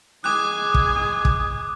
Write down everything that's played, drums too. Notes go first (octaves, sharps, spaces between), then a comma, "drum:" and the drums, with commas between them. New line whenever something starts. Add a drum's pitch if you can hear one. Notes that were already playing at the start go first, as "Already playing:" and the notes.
G#3 G#5 D6 D#6 F#6
drum: kick
drum: kick